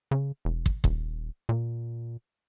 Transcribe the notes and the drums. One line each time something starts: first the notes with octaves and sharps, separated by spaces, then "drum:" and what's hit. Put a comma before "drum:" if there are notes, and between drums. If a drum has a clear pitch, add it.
C#3
E1
drum: kick
D#1, drum: kick
A#2